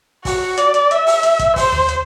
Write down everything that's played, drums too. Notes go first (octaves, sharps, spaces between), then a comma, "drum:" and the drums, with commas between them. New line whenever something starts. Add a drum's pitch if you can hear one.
F#4, drum: kick, open hi-hat
D5, drum: hi-hat
drum: hi-hat
E5, drum: hi-hat
drum: open hi-hat
drum: hi-hat
drum: kick, hi-hat
C5, drum: kick, open hi-hat
drum: tom D#2
drum: hi-hat